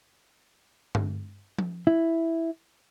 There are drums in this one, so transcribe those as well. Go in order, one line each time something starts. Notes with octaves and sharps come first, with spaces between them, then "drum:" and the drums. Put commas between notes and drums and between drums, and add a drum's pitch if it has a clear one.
drum: tom G2
drum: tom F3
E4